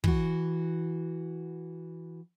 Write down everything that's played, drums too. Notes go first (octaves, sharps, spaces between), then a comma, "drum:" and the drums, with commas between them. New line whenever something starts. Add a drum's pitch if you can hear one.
E3 F#4, drum: kick